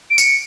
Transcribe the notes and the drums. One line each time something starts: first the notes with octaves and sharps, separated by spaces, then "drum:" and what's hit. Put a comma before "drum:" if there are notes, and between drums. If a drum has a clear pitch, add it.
D7
C#7, drum: tambourine